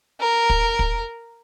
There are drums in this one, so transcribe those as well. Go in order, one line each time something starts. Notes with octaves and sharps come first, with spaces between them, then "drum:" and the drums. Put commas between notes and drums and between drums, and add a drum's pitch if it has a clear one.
A#4
drum: kick
drum: kick